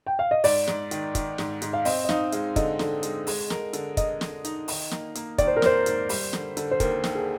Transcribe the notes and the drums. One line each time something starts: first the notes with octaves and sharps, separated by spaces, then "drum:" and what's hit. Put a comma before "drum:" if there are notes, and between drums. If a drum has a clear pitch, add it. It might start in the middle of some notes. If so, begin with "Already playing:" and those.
G5
F5
D#5
G#2 D5, drum: open hi-hat
G#2, drum: snare
D#3, drum: hi-hat
D#3, drum: kick, hi-hat
G#2, drum: snare
G#2, drum: hi-hat
F5
C4 D#5, drum: open hi-hat
D#5
D#4 F5, drum: snare
G#3 F5, drum: hi-hat
D3 D#5, drum: kick, hi-hat
D3, drum: snare
G#3, drum: hi-hat
G#3, drum: open hi-hat
A#4, drum: snare
D3, drum: hi-hat
A#4 D#5, drum: kick, hi-hat
D3, drum: snare
D#4, drum: hi-hat
D#3, drum: open hi-hat
A#3, drum: snare
A#3, drum: hi-hat
D#3 D5, drum: kick, hi-hat
C5
A#4
A#3 C5, drum: snare
G#2, drum: hi-hat
G3, drum: open hi-hat
D3, drum: snare
D3, drum: hi-hat
C5
D#2 A#4, drum: kick, hi-hat
D#2, drum: snare
G#4